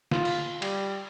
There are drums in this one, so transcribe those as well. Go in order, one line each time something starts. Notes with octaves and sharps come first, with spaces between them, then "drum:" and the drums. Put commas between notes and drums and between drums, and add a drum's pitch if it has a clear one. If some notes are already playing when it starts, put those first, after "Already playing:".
F4, drum: snare
drum: cymbal
G3, drum: cymbal